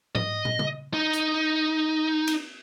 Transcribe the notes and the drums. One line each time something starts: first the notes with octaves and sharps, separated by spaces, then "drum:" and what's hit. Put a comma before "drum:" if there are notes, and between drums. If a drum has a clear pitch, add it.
D#5, drum: tom G#2
drum: tom
drum: tom C#3
D#4
drum: hi-hat
drum: cymbal